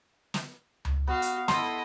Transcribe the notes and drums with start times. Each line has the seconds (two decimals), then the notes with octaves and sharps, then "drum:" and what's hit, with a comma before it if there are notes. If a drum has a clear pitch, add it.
0.34 drum: snare
0.85 drum: tom C#2
1.08 B3 F#4 F5
1.22 drum: hi-hat
1.48 E4 A4 D#5 C6, drum: snare